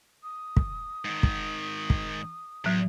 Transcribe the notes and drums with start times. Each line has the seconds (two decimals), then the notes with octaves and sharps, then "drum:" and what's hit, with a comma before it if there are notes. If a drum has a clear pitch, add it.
0.23 D#6
0.57 drum: kick
1.05 G#2 D#3
1.23 drum: kick
1.90 drum: kick
2.65 E2 A2 F#3